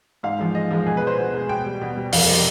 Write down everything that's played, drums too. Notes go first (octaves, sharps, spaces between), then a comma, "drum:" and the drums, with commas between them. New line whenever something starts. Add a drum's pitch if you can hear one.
G#2 F5
F3 G#3
G#2 D#5
F3 G#3
B2 G#4
B4
G#3 C5
B2
G#3
B2 G5
G3
B2
G3
F2 F5, drum: open hi-hat
C3 G3 D#5